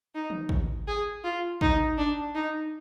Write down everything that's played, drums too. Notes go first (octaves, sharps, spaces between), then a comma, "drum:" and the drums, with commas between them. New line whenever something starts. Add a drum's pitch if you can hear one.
D#4
drum: tom
drum: kick
G#4
F4
D#4, drum: kick
D4
D#4